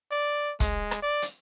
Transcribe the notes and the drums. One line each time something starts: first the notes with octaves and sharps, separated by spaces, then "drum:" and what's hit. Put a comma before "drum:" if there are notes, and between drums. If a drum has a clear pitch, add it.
D5
G#3, drum: kick, hi-hat
drum: rim click
D5
drum: hi-hat